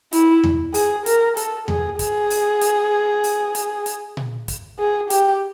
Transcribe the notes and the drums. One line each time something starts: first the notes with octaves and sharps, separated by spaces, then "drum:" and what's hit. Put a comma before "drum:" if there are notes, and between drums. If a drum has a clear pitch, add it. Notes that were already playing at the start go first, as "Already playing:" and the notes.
E4, drum: hi-hat
drum: tom E2
G#4, drum: open hi-hat
A#4, drum: hi-hat
A4, drum: hi-hat
G#4, drum: tom E2
G#4, drum: kick, hi-hat
drum: open hi-hat
drum: hi-hat
drum: open hi-hat
drum: hi-hat
drum: hi-hat
drum: tom A#2
drum: kick, hi-hat
G#4
G4, drum: hi-hat